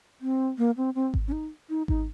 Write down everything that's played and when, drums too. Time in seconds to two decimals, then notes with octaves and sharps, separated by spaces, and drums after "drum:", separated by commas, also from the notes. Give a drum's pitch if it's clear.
0.21 C4
0.58 A#3
0.77 C4
0.95 C4
1.14 drum: kick G#1
1.28 C#4
1.32 D#4
1.70 D#4
1.88 D#4, drum: kick G#1